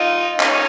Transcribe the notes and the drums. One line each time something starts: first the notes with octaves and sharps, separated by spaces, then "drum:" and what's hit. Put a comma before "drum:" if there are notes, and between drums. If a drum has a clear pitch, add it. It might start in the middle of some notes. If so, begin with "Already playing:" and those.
Already playing: D#4 F4
C#4 D#4, drum: clap